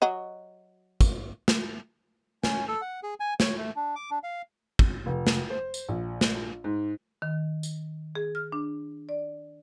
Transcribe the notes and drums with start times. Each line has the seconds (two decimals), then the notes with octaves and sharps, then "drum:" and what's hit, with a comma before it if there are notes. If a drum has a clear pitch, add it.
0.02 F#3 F#4 D#5
1.01 drum: kick, tambourine
1.48 drum: snare
2.43 C#4, drum: snare
2.68 A4
2.81 F#5
3.03 G#4
3.20 G#5
3.40 C#5, drum: snare
3.58 A3
3.76 D4
3.96 D6
4.11 D4
4.23 F5
4.79 drum: kick
5.06 F1
5.27 drum: snare
5.50 C5
5.74 drum: tambourine
5.88 A#1
6.21 drum: snare
6.64 G#2
7.22 D#3
7.63 drum: tambourine
8.15 G#4
8.35 F6
8.52 D4
9.09 D5